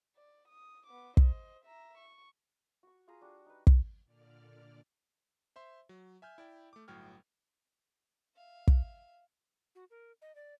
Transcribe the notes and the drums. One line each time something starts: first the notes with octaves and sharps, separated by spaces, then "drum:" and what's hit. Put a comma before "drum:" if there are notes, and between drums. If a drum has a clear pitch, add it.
D5
D#6
B3 D6
C5 D#5, drum: kick
E5 A#5
C#6
F#4 C#6
F4 G#4 A#5 D#6
G3 D4 F#4
D#4 B4
drum: kick
A#2 D3 D5 F6
C5 E5 C6
F#3
E5 G#5 F6 G6
E4 D5 G5
A3 D6
G1 A2 F#3 G5 F6 G#6
E5 F5
drum: kick
F#4
A#4
D#5
D5